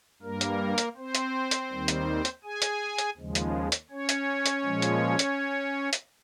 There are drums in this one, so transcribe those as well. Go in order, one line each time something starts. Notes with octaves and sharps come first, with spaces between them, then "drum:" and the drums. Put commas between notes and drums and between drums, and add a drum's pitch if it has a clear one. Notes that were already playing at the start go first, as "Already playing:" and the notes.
G2 G3 A#3 A#4
drum: hi-hat
drum: hi-hat
C4 C5
drum: hi-hat
drum: hi-hat
D#2 D#3 G3
drum: hi-hat
drum: hi-hat
G#4 G#5
drum: hi-hat
drum: hi-hat
D#2 C#3 F3 G#3
drum: hi-hat
drum: hi-hat
C#4 C#5
drum: hi-hat
drum: hi-hat
A#2 F3 G#3
drum: hi-hat
drum: hi-hat
drum: hi-hat